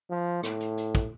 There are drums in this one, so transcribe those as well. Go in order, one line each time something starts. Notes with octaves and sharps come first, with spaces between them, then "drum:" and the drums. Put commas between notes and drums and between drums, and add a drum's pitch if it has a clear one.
F3
A2, drum: rim click
drum: hi-hat
drum: hi-hat
drum: kick, hi-hat